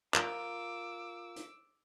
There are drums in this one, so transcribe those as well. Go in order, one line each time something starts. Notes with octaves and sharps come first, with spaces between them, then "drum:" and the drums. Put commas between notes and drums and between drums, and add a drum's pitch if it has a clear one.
F4 A#4 D6 E6, drum: clap
drum: hi-hat